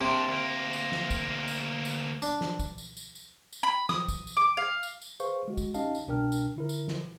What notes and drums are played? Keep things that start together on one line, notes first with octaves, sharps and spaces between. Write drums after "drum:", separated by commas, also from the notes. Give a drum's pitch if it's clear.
C3 A#3 D4
D2 A#3
drum: tambourine
drum: snare
drum: kick, tambourine
drum: tambourine
drum: tambourine
D4, drum: tambourine
drum: snare
drum: kick, tambourine
drum: tambourine
drum: tambourine
drum: tambourine
drum: tambourine
B5
D#6, drum: snare
drum: kick, tambourine
drum: tambourine
D6
F5
drum: tambourine
drum: tambourine
G#4 B4 C5 F5 C#6, drum: tambourine
G#3 F#4
drum: kick, tambourine
C#4 D#4 G4 D#5 F5 A5, drum: tambourine
drum: tambourine
C2 B2 D4 A#4 G5 F6
drum: tambourine
D3 E4 A#4
drum: tambourine
drum: snare